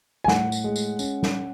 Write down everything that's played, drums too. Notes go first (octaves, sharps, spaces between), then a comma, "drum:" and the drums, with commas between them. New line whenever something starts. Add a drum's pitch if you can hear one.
G#5
A2 F#5, drum: snare
drum: tambourine
G#3
drum: tambourine
C#4, drum: tambourine
drum: snare